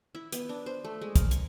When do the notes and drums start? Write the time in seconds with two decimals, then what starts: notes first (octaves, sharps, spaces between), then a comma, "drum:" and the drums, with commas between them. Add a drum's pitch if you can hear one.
0.15 E4
0.32 B3, drum: hi-hat
0.49 D4
0.66 C5
0.84 A3
1.01 G#3
1.16 A#4, drum: kick, hi-hat
1.31 C#6, drum: hi-hat